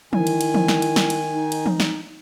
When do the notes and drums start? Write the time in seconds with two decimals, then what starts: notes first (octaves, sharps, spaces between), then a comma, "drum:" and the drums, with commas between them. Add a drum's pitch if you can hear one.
0.13 D#3 E4 G#5, drum: tom E3
0.27 drum: cymbal
0.41 drum: cymbal
0.55 drum: tom E3
0.68 drum: snare
0.82 drum: cymbal
0.96 drum: snare
1.10 drum: cymbal
1.33 D#4
1.52 drum: cymbal
1.66 drum: tom E3
1.80 drum: snare